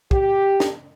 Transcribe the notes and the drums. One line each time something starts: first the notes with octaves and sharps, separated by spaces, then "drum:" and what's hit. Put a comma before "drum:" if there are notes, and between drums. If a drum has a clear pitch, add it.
G4, drum: kick
drum: snare